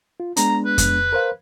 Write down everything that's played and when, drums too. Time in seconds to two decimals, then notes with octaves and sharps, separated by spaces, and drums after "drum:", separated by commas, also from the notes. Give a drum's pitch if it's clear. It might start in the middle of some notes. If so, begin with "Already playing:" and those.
0.20 F4
0.37 G#3 B3 D4 A#5, drum: hi-hat
0.66 B4
0.78 drum: kick F2, hi-hat
1.13 A#4 C5 F5